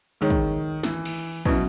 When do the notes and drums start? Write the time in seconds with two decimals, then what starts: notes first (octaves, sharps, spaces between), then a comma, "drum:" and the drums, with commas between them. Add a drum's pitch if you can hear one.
0.21 D#3 G#3 D#4 G#4 C#5
0.30 drum: kick
0.83 E3, drum: snare
1.05 drum: cymbal
1.45 B2 F#3 C#4 E4 B4, drum: kick